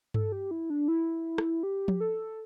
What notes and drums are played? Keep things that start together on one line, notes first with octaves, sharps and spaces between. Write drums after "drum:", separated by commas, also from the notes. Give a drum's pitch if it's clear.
A4, drum: tom G2
G4
E4
D4
E4
drum: rim click
G4
drum: tom F3
A4